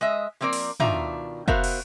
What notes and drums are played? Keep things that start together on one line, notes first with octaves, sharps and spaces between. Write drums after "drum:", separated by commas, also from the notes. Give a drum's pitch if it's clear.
G#3 D#5 E5
F3 A#3 C4 A#4 D5
drum: open hi-hat
B2 D#3 D4 F4 E5 A#5, drum: tom
B3 F#4 A#4 C5 E5 F5, drum: kick
drum: cymbal